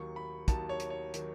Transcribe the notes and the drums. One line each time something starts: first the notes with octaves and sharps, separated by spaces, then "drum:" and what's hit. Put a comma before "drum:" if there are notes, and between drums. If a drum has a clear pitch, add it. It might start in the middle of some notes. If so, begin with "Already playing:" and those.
Already playing: D#2 D#3 F#3 C#6
B5
D#2 D#3 F#3 A5, drum: kick, hi-hat
C#5
drum: hi-hat
C#5
D#3 F#3, drum: hi-hat